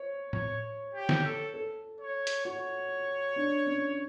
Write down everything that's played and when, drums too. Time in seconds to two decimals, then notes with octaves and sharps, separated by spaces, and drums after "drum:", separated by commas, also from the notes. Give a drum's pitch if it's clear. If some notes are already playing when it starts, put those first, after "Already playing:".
Already playing: C#5
0.33 C#5, drum: tom A2
0.94 G4
1.09 drum: snare
1.25 A4
1.54 A4
2.01 C#5
2.27 drum: hi-hat
2.45 F#4 C#5
3.36 D4
3.67 C#4